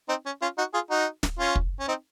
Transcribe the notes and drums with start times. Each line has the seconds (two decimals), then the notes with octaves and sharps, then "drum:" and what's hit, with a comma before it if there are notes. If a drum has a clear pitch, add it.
0.09 C4 D#4
0.26 C#4
0.42 C#4 F4
0.58 D#4 F#4
0.74 F4 G#4
0.91 D#4 F#4
1.23 drum: snare
1.39 C#4 F4
1.55 drum: kick
1.80 C#4
1.88 C4 D#4